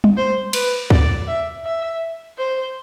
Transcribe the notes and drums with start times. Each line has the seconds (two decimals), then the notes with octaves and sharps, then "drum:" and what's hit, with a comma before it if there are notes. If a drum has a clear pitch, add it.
0.04 drum: tom
0.17 C5
0.53 B4, drum: cymbal
0.90 D5, drum: kick
1.28 E5
1.65 E5
2.38 C5